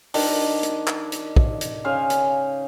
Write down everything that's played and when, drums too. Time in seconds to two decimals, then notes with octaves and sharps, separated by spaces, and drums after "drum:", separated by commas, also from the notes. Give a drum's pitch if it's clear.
0.14 D#3 D4, drum: open hi-hat
0.63 drum: hi-hat
0.87 drum: clap
1.12 drum: hi-hat
1.36 drum: kick
1.61 drum: hi-hat
1.85 C#3 C5 F5 G#5
2.10 drum: hi-hat